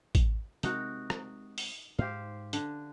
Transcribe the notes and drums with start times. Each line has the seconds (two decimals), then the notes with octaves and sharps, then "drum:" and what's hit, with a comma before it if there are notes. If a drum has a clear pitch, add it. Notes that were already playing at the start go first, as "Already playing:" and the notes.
0.15 drum: kick, hi-hat
0.63 C3 G#3 C4 D#4 F#4 A#4, drum: hi-hat
1.10 drum: rim click
1.58 drum: open hi-hat
1.98 G#2 G4 C5 F5
2.53 D3, drum: hi-hat